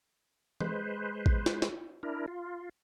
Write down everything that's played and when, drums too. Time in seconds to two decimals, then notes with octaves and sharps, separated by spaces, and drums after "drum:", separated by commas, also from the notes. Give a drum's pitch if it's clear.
0.60 G#3 B4 C5, drum: tom E3
1.26 drum: kick A1
1.46 drum: snare
1.62 drum: snare
2.03 D4 E4 A#4
2.28 F4